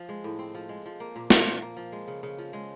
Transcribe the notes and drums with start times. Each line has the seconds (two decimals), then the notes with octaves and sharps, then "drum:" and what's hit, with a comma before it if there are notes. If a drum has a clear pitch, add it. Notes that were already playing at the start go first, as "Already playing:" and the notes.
Already playing: F3
0.09 G#3
0.24 A2
0.39 C4
0.54 F3
0.69 G#3
0.86 F3
1.00 A#3
1.16 A#2
1.30 A#2, drum: snare
1.46 F3
1.62 A#3
1.77 F3
1.92 G#3
2.08 C#3
2.23 C#3
2.38 F3
2.53 G#3